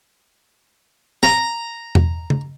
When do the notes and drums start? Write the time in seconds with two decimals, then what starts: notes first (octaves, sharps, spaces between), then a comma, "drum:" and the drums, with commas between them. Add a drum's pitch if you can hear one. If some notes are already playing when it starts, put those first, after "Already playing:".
1.23 A#5, drum: snare
1.95 drum: tom E2
2.30 drum: tom